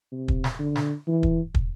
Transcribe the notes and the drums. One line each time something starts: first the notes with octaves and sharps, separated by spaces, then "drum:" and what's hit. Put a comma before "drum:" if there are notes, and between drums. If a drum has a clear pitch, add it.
C3
drum: kick
drum: snare
D3
drum: snare
E3
drum: kick
drum: kick